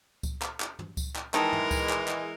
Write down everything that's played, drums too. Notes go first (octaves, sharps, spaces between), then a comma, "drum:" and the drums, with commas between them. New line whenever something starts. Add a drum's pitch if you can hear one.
drum: kick C#2, tambourine
drum: clap
drum: clap
drum: tom
drum: kick C#2, tambourine
drum: clap
D#3 E3 G#3 E4 A#4 A5 B5, drum: clap
drum: tom
drum: kick C#2, tambourine
drum: clap
drum: clap